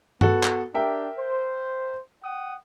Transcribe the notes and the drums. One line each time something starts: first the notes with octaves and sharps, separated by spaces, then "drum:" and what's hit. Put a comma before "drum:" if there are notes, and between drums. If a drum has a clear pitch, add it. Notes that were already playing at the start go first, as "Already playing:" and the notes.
B3 F#4 A4, drum: tom G2
drum: clap
D4 G4 A#4 E5 G5
C5
F#5 G5 D#6